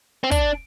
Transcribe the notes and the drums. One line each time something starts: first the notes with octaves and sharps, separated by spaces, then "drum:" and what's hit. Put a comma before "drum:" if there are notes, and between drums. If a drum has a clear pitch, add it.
C4
D4, drum: kick, hi-hat